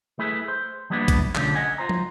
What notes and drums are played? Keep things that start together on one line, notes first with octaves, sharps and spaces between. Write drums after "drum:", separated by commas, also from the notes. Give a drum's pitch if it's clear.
A3 E4 G#4 B4
C5
F3 G3 A#3 B3 D4 E4
drum: kick, hi-hat
B2 D3 F3 A3 C#4 D4, drum: clap
D#5 F#5 G#5
F4 C5 A#5
drum: tom